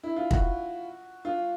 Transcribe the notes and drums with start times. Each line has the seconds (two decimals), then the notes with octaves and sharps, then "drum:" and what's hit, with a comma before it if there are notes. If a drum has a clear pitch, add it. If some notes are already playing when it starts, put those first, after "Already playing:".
0.03 E4
0.16 F4
0.31 F#4, drum: kick
1.25 F4